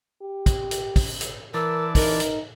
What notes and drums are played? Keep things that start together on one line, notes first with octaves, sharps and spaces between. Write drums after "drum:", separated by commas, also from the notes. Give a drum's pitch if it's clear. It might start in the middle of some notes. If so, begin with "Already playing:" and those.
G4
drum: kick, hi-hat
drum: hi-hat
drum: kick, open hi-hat
drum: hi-hat
E3 A#4 D5 A5 E6
D#4 A#4, drum: kick, open hi-hat
drum: hi-hat